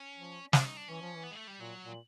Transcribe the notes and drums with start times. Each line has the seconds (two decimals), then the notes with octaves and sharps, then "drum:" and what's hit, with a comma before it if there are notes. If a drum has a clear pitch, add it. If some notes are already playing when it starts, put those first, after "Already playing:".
Already playing: C#4
0.17 F3
0.53 D4, drum: snare
0.65 D#4
0.77 D4
0.88 E3 C#4
1.01 F3
1.15 E3
1.24 B3
1.31 G#3
1.36 A3
1.47 G3
1.60 A#2 F#3
1.85 A#2